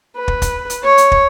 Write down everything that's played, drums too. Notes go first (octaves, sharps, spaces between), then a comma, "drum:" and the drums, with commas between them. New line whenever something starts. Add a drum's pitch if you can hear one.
B4
drum: kick
drum: kick, hi-hat
drum: hi-hat
C#5
drum: hi-hat
drum: kick